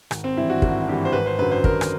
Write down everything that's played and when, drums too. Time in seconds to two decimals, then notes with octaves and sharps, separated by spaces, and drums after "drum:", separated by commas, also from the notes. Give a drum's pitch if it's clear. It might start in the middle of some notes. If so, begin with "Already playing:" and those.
0.11 G#1, drum: rim click
0.24 C4
0.37 G2 E3 E4
0.50 F#4
0.62 G#1 F#4, drum: kick
0.88 G2 E3 G4
1.05 C5
1.12 G#1 B4
1.26 C5
1.39 F#2 D3 B4
1.51 C5
1.64 G#1 A#4, drum: kick
1.81 drum: rim click